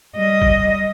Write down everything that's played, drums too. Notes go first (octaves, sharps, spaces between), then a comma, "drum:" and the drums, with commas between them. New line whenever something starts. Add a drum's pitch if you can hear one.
G3 D#5
drum: kick